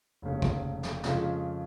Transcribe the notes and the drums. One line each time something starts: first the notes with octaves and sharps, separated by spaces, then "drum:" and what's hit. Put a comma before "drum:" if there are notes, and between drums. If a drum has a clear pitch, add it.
F1 D#2 C#3
drum: kick
drum: snare
F2 C#3 G#3 C#4 F4, drum: snare